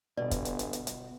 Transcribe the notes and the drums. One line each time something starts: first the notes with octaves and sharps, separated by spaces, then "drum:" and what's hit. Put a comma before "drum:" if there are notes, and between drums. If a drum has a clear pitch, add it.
G1 B2 D5
drum: kick, hi-hat
drum: hi-hat
drum: hi-hat
drum: hi-hat
drum: hi-hat